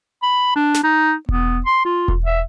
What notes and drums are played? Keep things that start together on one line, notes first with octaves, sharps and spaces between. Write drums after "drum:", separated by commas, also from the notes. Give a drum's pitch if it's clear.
B5
D4
drum: snare
D#4
B3, drum: kick E1
C6
F4
drum: kick E1
E5